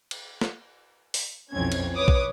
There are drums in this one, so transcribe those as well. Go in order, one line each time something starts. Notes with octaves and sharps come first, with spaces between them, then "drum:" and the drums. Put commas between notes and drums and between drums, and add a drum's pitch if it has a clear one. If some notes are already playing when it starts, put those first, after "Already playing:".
drum: cymbal
drum: snare
drum: open hi-hat
B1 F2 E3 C4 C#4 G#6
drum: cymbal
B4 C#5 D6 D#6
drum: kick A#1